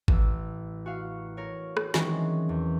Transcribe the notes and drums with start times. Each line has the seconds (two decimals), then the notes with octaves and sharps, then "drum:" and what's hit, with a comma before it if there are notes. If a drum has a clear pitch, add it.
0.08 A1 E6, drum: kick G#1
0.86 F#4 F5
1.37 A#4 C#5
1.77 drum: rim click
1.94 D#3 E3 F#3 G#3 C4 C#4, drum: snare
2.49 E2